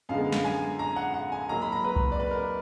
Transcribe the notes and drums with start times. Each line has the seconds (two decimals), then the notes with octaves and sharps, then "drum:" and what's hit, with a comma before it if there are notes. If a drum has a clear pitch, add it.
0.09 F#2 D3 G#3 B3 F5
0.32 drum: snare
0.45 G#5
0.79 A#5
0.96 F#5
1.14 F#5
1.32 G#5
1.49 G#2 F#3 A#3 A#5
1.62 B5
1.72 A#5
1.84 B4
1.96 drum: kick C2
2.12 D5
2.20 B4
2.31 A#4
2.37 B4